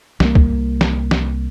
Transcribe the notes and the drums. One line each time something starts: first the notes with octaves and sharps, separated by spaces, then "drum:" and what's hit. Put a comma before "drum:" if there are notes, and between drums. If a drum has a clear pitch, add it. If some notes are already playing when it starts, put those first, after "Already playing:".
C2 A#3, drum: snare
drum: kick
drum: snare
drum: snare